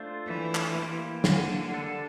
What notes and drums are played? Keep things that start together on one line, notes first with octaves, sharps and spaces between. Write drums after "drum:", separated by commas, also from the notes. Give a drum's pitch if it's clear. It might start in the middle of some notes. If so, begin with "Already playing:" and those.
Already playing: A3 D4 F4 C5
E3
drum: clap
A#3 E4 G4 C5
D3, drum: snare
G3 D4 A4